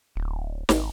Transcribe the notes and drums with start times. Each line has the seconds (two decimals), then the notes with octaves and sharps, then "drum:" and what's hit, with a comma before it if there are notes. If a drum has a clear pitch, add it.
0.15 D1
0.69 G#1, drum: snare